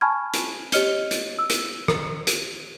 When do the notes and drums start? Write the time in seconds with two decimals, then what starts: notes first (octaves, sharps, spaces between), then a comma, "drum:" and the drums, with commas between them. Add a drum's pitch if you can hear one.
0.01 G#5 A5 B5 C#6 F6 G#6
0.34 drum: hi-hat
0.72 G4 C#5 D#5 F6 C#7 G7, drum: hi-hat
1.11 drum: hi-hat
1.39 E6
1.50 drum: hi-hat
1.88 drum: rim click
2.27 drum: hi-hat